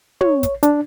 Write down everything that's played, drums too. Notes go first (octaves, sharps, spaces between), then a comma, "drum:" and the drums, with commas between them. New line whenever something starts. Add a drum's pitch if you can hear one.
C#5, drum: tom
drum: kick, hi-hat
D4, drum: hi-hat